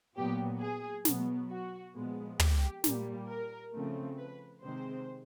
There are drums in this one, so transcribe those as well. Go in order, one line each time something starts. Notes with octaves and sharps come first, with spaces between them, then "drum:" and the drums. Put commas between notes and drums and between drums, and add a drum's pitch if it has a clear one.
A#2 F#3 B3 G4
G#4
B2 F#3 B3, drum: snare
F#4
A#2 F3 G#3 B3
G4, drum: tom
A#2 G3 A#3, drum: snare
A#4
C#3 F3 A3 C4
B4
C3 D#3 G#3 C4 C5